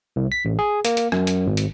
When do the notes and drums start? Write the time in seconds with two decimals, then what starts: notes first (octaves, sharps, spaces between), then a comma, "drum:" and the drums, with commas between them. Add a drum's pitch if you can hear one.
0.16 C2
0.32 B6
0.45 A1
0.59 G#4
0.85 A#3, drum: hi-hat
0.97 drum: hi-hat
1.12 F#2, drum: rim click
1.27 drum: hi-hat
1.47 G#1
1.57 drum: hi-hat